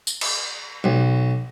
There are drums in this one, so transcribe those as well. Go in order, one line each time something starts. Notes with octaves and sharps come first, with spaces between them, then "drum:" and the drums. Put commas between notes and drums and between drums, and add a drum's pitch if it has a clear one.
drum: tambourine
drum: cymbal
B1